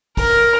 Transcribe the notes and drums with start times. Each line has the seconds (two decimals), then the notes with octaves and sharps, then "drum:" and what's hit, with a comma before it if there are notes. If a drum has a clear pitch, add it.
0.17 A#4, drum: kick, open hi-hat